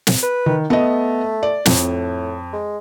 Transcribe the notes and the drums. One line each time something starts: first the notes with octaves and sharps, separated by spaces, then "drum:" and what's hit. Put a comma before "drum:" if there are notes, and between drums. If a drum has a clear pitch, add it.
drum: snare
B4
D#3
A3 B3 D#5
D5
F2 A2, drum: snare
G#3